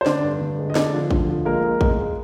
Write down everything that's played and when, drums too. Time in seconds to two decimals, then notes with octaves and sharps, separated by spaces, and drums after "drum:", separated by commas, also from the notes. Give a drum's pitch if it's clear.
0.01 C5
0.06 D3 D4 D5, drum: snare
0.23 G2
0.41 D3
0.59 G#3
0.70 D#5
0.75 D3 D4 D5, drum: snare
0.94 F3
1.11 D3, drum: kick A1
1.29 F3
1.45 G#3 A#3 A#4
1.63 G#3
1.81 G#3, drum: kick A1
1.98 G#3